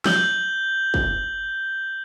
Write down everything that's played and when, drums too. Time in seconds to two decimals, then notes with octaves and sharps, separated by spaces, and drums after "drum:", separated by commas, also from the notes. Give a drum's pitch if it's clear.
0.06 G6 F#7 G7, drum: snare
0.94 drum: kick